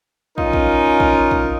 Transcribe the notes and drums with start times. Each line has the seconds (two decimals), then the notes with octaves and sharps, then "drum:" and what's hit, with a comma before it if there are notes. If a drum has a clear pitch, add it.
0.38 C#4 D#4 F4 A#4, drum: kick
0.53 drum: kick
1.00 drum: kick
1.31 drum: kick